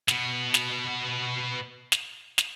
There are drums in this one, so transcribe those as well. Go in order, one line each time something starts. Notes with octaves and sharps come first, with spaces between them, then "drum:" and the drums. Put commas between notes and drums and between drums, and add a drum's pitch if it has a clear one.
B2 B3, drum: snare
drum: snare
drum: snare
drum: snare